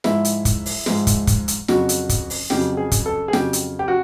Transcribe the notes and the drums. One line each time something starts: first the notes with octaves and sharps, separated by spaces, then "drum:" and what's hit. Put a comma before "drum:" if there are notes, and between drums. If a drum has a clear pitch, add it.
G#2 F3 G#3 E4, drum: snare
drum: hi-hat
drum: kick, hi-hat
drum: open hi-hat
G#2 F3 G#3, drum: snare
drum: kick, hi-hat
drum: kick, hi-hat
drum: hi-hat
F2 C#3 F#3 F#4, drum: snare
drum: hi-hat
drum: kick, hi-hat
drum: open hi-hat
F2 C#3 F#3 G4, drum: snare
G#4
drum: kick, hi-hat
A4
G#4
F2 C#3 F#3 G4, drum: snare
drum: hi-hat
G4
F#4